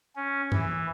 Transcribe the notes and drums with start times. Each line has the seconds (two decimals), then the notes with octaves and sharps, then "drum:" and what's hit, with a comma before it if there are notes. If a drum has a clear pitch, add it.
0.16 C#4
0.52 E3, drum: tom